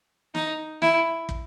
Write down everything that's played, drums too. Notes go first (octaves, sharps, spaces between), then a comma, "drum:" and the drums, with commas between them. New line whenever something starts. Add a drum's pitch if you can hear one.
D#4, drum: snare
E4, drum: snare
drum: kick